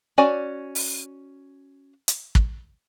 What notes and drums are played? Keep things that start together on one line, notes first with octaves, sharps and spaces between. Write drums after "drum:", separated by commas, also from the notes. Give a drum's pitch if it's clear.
C#4 F#4 D5 G#5
drum: open hi-hat
drum: hi-hat
drum: kick